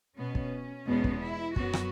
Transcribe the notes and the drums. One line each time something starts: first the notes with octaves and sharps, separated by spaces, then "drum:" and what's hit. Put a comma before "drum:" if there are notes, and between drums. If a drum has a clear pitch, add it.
B2 B3 C#4
drum: kick
E2 B2 G#3 B3
drum: kick
E4
F#2 F#3 B3 F#4, drum: kick
drum: rim click